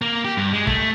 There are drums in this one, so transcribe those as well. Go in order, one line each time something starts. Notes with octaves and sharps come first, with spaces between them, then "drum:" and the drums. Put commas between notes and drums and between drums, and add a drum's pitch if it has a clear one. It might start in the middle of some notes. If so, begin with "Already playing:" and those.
A#3
G4
G2
G#3
A3, drum: kick